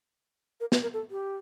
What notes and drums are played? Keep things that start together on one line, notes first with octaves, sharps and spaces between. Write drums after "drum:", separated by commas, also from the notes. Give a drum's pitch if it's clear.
A#4
B4, drum: snare
A#4
A4
G4